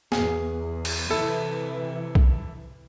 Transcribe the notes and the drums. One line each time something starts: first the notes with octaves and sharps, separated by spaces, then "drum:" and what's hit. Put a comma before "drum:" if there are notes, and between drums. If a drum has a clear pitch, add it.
E2 G#4, drum: snare
drum: cymbal
C3 E3 E4 A4
drum: kick B1